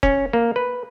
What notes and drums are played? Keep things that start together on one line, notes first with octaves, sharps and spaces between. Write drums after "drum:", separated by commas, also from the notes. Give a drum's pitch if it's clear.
C#4, drum: kick F1
A#3
B4